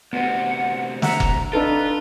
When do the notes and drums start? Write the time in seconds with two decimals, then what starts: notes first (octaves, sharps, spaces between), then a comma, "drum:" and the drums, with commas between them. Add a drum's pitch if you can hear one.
0.13 D2 C3 B3 F#5
1.02 E5 F#5 A#5, drum: snare
1.20 drum: kick F1
1.53 D4 D#4 F4 A4 B4